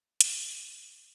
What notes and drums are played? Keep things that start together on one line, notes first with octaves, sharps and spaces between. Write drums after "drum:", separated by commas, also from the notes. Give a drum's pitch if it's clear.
F#4, drum: hi-hat